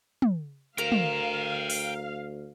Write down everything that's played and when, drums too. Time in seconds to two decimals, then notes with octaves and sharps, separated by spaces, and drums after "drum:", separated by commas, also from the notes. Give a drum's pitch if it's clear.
0.22 drum: tom
0.78 D2 A#4 F5 G5 A#5, drum: hi-hat
0.92 drum: tom
1.70 drum: open hi-hat